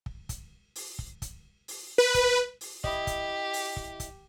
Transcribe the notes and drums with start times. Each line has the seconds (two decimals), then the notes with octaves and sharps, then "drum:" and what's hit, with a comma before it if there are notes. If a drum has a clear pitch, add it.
0.06 drum: kick
0.29 drum: kick, hi-hat
0.75 drum: open hi-hat
0.99 drum: kick
1.22 drum: kick, hi-hat
1.68 drum: open hi-hat
1.98 B4
2.14 drum: kick, hi-hat
2.61 drum: open hi-hat
2.84 E4 G4 D#5, drum: kick
3.07 drum: kick, hi-hat
3.53 drum: open hi-hat
3.77 drum: kick
4.00 drum: kick, hi-hat